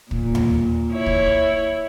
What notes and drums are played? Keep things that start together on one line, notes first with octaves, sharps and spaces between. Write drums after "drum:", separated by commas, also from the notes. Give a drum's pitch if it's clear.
A#2, drum: kick
drum: tom D#2
E4 C#5
drum: kick